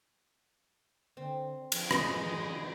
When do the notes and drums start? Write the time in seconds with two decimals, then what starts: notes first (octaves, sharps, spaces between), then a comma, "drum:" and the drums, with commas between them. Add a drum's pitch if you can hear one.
1.17 D3 C4
1.72 F3, drum: cymbal
1.91 F#2 A2 E3 G#4 D#5, drum: rim click